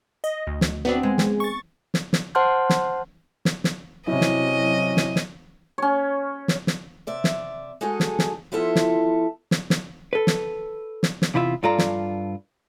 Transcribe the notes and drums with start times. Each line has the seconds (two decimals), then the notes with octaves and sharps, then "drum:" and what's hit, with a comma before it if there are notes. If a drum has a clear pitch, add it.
0.24 D#5
0.47 D2
0.61 drum: snare
0.85 B3 C4 D4 F#4 B4
1.03 G#3
1.18 drum: snare
1.40 C#6 A6
1.94 drum: snare
2.13 drum: snare
2.35 C5 F#5 A5 C6 F6 G6
2.70 drum: snare
3.45 drum: snare
3.64 drum: snare
4.07 C3 F#3 C#4 E4 D#5
4.21 drum: snare
4.97 drum: snare
5.16 drum: snare
5.78 C#4 C#5
6.48 drum: snare
6.67 drum: snare
7.07 C3 D5 E5
7.24 drum: snare
7.81 G#3 D#4 F#4 G#4 A4 D#5
8.00 drum: snare
8.19 drum: snare
8.52 F3 B3 E4 F4 A4 E5
8.76 drum: snare
9.51 drum: snare
9.70 drum: snare
10.13 A4 B4
10.27 drum: snare
11.03 drum: snare
11.22 drum: snare
11.34 E2 C3 E4 F4 E5
11.63 G2 F4 A4 D5 A#5
11.78 drum: snare